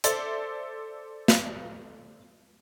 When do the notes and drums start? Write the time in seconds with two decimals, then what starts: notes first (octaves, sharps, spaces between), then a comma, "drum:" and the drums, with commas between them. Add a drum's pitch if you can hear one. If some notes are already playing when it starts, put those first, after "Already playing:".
0.04 A4 C5 D5 E5, drum: hi-hat
1.28 drum: snare